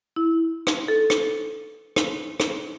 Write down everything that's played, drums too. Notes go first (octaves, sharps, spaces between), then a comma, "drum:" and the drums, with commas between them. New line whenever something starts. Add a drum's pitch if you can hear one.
E4
drum: rim click
A4
drum: rim click
drum: rim click
drum: rim click